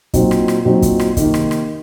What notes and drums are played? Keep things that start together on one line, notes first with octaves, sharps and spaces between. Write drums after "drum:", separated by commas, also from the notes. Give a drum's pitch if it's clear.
A#2 F#3 C4 D#4, drum: kick, hi-hat
drum: rim click
drum: rim click
A#2 F#3 C4 D#4
drum: kick, hi-hat
drum: rim click
C3 D#3 A#3 D#4, drum: kick, hi-hat
drum: rim click
drum: rim click